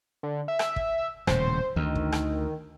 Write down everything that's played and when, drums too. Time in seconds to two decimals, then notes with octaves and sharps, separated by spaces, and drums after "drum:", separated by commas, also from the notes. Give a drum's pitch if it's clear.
0.23 D3
0.48 E5
0.59 drum: rim click
0.76 drum: kick
1.27 D#1 A2 C#3 C5, drum: rim click
1.76 D2 D#3
1.95 drum: kick
2.12 drum: rim click